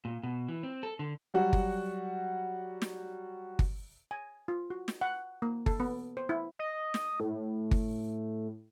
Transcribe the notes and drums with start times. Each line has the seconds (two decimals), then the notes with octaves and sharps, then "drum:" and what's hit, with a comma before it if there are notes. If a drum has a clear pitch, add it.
0.05 A#2
0.23 B2
0.48 E3
0.63 C4
0.83 A4
0.99 D3
1.34 F#3 G3 F#4 F#5
1.53 drum: kick G1
2.82 drum: snare
3.59 drum: kick G1
4.11 G#5
4.48 F4
4.70 F#4
4.88 drum: snare
5.01 F#5
5.42 A#3
5.66 A4, drum: kick G1
5.80 B3
6.17 C5
6.29 E4
6.59 D#5
6.94 drum: snare
7.20 A2
7.71 drum: kick G1